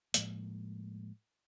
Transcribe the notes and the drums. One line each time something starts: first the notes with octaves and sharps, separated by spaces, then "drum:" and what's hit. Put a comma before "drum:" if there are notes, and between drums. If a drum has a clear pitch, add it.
A2 F3 G#3 A#3, drum: hi-hat